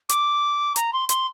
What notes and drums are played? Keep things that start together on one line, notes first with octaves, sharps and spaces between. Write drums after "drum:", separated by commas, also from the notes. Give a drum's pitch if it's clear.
D6, drum: hi-hat
A#5, drum: hi-hat
C6
C6, drum: hi-hat